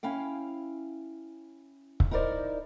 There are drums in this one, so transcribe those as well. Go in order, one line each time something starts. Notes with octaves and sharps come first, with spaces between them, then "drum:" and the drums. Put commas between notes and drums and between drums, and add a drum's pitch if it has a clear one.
C#4 E4 F5 G5
drum: kick C#1
D#4 E4 A#4 C5 D5